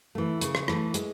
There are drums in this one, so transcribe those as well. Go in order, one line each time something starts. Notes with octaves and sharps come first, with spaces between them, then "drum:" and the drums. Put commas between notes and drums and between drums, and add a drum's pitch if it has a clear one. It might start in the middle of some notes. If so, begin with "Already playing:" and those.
E3 A3
C#3, drum: hi-hat
drum: rim click
E3 A3, drum: rim click
G#3, drum: hi-hat